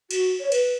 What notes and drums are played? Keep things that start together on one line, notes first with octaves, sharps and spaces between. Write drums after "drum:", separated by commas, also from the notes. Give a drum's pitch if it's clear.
F#4, drum: cymbal
C#5
B4, drum: cymbal